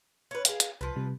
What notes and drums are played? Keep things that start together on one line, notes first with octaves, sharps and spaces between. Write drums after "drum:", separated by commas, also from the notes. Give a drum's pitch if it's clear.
C#4 B4
G#4 F5, drum: hi-hat
drum: hi-hat
C2 F3 B4
C3 G3